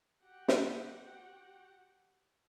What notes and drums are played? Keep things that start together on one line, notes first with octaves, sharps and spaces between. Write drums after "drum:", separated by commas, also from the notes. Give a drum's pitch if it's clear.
F#4 G4 F#5 G5
drum: snare